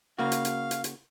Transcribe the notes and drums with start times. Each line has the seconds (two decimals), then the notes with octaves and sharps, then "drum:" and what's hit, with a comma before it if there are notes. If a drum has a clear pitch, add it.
0.19 C#3 A#3 F#4 F5
0.32 drum: hi-hat
0.45 drum: hi-hat
0.71 drum: hi-hat
0.84 drum: hi-hat